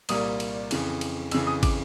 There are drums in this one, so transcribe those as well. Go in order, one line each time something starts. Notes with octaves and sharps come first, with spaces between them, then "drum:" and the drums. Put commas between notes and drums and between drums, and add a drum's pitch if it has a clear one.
C2 A#2 G3 A#3 D#6, drum: cymbal
drum: cymbal
F2 C#3 E3, drum: cymbal
drum: cymbal
F2 C#3 E3 E6, drum: cymbal
D#6
D6, drum: kick, cymbal